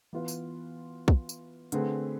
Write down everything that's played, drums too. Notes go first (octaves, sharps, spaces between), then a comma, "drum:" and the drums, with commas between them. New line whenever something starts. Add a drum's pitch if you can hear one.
E3 B3 F4 B4
drum: tambourine
drum: kick
drum: tambourine
D3 A3 C4 G#4 B4, drum: hi-hat